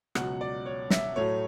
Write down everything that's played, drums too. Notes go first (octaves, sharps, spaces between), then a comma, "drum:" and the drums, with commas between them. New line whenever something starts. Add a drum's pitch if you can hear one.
C#2 B2 F#3 F#5, drum: rim click
D5
C#5
E5, drum: snare
A2 F#3 A3 C#5